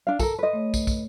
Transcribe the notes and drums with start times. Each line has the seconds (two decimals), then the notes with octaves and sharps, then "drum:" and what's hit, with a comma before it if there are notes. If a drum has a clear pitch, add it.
0.07 D4 F5
0.19 A4 A#4, drum: kick, tambourine
0.38 A4 B4 D#5 C6
0.53 A3 C#5
0.74 drum: kick, tambourine
0.87 drum: kick, tambourine